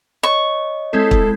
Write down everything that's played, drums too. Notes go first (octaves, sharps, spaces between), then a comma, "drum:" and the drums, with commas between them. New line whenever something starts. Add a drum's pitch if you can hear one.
C#5 D#5 C#6
G#3 C4 E4 A4
drum: kick